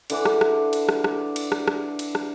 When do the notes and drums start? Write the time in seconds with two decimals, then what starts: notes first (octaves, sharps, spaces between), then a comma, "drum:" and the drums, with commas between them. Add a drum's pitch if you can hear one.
0.10 D3 E3 D4, drum: cymbal
0.25 drum: rim click
0.41 drum: rim click
0.73 drum: cymbal
0.89 drum: rim click
1.04 drum: rim click
1.36 drum: cymbal
1.52 drum: rim click
1.68 drum: rim click
1.99 drum: cymbal
2.15 drum: rim click